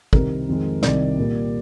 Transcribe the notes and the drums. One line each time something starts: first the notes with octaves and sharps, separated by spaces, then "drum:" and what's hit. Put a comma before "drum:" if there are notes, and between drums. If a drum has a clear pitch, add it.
C2 C3 D#3 G3 C4 A#4, drum: kick
F2 D#3 G#3 C4
C2 C3 D#3 D5, drum: snare
A#2 G3 A#3